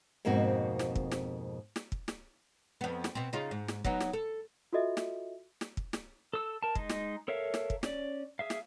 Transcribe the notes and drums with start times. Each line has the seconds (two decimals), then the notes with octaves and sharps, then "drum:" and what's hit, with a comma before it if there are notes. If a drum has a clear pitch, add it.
0.25 F2 G#2 B2 A#3 C4 F#4
0.79 drum: snare
0.96 drum: kick
1.12 drum: snare
1.76 drum: snare
1.92 drum: kick
2.08 drum: snare
2.81 F2 B3
3.04 drum: snare
3.15 B2 C4
3.33 C#3 D#4 F4
3.51 G#2
3.68 drum: snare
3.85 F#3 B3 D#4, drum: kick
4.01 drum: snare
4.13 A4
4.73 F4 F#4 A4 D#5 E5
4.97 drum: snare
5.61 drum: snare
5.77 drum: kick
5.93 drum: snare
6.33 A4 E6
6.63 A#4 A5
6.75 G#3 D#4, drum: kick
6.90 drum: snare
7.28 A4 A#4 C#5 E5 F5
7.54 drum: snare
7.70 drum: kick
7.83 C#4 D5, drum: snare
8.39 G#4 E5 F5
8.50 drum: snare